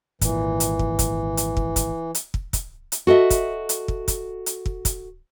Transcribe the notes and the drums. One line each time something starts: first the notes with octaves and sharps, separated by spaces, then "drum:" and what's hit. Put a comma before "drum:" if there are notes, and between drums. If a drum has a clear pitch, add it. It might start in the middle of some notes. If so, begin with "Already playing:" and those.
G#1 A#2 E3, drum: kick, hi-hat
drum: hi-hat
drum: kick
drum: kick, hi-hat
drum: hi-hat
drum: kick
drum: kick, hi-hat
drum: hi-hat
drum: kick
drum: kick, hi-hat
drum: hi-hat
F#4 A4 D#5 E5
drum: kick, hi-hat
drum: hi-hat
drum: kick
drum: kick, hi-hat
drum: hi-hat
drum: kick
drum: kick, hi-hat